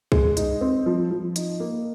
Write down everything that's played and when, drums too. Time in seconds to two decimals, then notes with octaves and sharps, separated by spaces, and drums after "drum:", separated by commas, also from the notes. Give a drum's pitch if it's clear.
0.12 G#3, drum: kick C2
0.37 D#4, drum: hi-hat
0.61 C4
0.86 F3
1.11 F3
1.36 D#4, drum: hi-hat
1.60 A#3